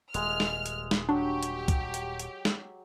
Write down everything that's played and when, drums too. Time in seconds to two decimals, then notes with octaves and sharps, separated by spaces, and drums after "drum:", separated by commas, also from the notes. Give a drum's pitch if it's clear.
0.14 D#1 G#3 F6, drum: hi-hat
0.40 drum: snare
0.66 drum: hi-hat
0.91 drum: snare
1.09 F#3 D4 G4
1.43 drum: hi-hat
1.68 drum: kick C2, hi-hat
1.94 drum: hi-hat
2.20 drum: hi-hat
2.45 drum: snare